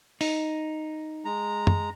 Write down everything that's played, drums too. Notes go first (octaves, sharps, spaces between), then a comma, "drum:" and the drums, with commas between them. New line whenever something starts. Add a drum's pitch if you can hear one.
D#4, drum: open hi-hat
G#3 A#5
drum: tom